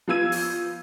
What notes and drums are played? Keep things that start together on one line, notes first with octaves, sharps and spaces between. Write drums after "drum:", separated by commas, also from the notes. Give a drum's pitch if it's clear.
F3 B3 F4 E6 G#6 D#7
drum: open hi-hat